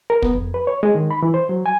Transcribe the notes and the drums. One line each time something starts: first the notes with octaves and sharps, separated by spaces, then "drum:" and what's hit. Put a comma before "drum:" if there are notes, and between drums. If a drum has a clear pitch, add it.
A#4
B3, drum: kick
F2
B4
C#5
G#3
D#3
B5
E3
C5
F#3
G#5